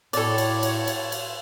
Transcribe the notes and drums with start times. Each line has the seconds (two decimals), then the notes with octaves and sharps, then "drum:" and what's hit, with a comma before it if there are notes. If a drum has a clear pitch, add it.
0.13 A2 A4 C#5 D5, drum: cymbal
0.38 drum: cymbal
0.63 drum: cymbal
0.87 drum: cymbal
1.12 drum: cymbal